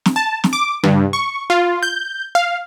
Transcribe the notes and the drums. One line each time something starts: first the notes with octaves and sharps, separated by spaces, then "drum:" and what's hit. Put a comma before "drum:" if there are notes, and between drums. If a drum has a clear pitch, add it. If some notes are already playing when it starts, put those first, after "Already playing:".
drum: snare
A5
drum: snare
D6
G2, drum: tom C#3
C#6
F4
G6
F5